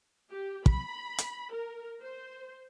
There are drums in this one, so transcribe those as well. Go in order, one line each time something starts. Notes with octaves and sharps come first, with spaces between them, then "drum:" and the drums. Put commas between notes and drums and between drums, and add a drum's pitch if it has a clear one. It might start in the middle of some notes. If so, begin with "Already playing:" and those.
G4
B5, drum: kick
drum: hi-hat
A#4
C5